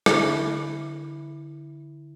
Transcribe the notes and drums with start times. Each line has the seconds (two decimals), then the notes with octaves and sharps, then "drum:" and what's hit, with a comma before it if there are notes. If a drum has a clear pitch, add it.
0.06 D3 E4, drum: rim click